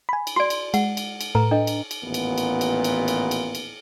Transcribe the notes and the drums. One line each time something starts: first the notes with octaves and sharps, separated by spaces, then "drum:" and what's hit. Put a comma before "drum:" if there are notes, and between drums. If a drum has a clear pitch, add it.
G#5 B5
drum: cymbal
F#4 D5 C6 D7
drum: cymbal
G#3 F#5, drum: cymbal
drum: cymbal
drum: cymbal
A2 A4 B4 A#5
D4 A4 D#5
drum: cymbal
drum: cymbal
A1 D#2 A#2 B3
drum: cymbal
drum: cymbal
drum: cymbal
drum: cymbal
drum: cymbal
drum: cymbal
drum: cymbal